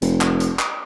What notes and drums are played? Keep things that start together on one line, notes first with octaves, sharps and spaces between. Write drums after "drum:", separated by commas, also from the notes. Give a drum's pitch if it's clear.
F1, drum: hi-hat
drum: clap
drum: hi-hat
drum: clap